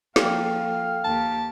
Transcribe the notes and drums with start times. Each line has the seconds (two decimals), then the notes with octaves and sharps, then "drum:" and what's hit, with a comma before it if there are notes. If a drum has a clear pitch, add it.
0.16 F3 A#3 A4 F5 G5, drum: snare
1.04 D#2 G4 A5